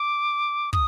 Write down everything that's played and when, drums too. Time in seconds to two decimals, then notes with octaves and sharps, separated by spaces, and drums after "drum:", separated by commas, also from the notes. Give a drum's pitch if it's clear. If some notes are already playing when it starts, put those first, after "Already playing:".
Already playing: D6
0.73 D#6, drum: kick